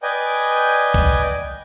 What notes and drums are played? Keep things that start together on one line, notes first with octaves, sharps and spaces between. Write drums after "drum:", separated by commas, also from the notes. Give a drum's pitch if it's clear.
B4 D5 D#5 G5 G#5
drum: kick C2